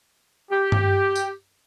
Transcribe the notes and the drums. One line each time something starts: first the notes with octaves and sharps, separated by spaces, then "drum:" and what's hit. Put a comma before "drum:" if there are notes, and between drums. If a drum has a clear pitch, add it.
G4
drum: tom G2
drum: tambourine